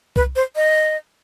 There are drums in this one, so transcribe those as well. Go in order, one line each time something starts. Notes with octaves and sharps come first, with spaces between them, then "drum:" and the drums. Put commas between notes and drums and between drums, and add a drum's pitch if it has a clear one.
B4, drum: kick C2
C5
D#5